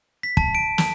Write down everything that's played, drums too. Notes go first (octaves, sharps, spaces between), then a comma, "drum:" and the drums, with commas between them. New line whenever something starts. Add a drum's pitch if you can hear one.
B6
A5, drum: kick
D7
A5, drum: snare